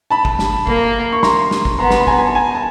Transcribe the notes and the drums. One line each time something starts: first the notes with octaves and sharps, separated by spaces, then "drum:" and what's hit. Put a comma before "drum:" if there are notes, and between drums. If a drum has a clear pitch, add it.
A5 B5
drum: kick
drum: snare
A#3, drum: kick
C#6
A#5 C6, drum: snare
drum: snare
drum: kick
B3 A#5 C6
C6, drum: snare
B5
G#5 A#5, drum: kick
G#5
A5
G#5 A#5
A5